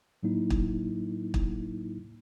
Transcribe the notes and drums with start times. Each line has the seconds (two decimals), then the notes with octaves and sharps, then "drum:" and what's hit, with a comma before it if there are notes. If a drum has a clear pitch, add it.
0.23 A2 F#3 A#3 D#4 E4
0.50 drum: kick
1.34 drum: kick